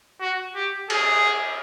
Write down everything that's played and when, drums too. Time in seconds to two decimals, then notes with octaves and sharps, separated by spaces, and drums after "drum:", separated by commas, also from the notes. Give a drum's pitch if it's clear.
0.20 F#4
0.55 G4
0.90 G#4, drum: cymbal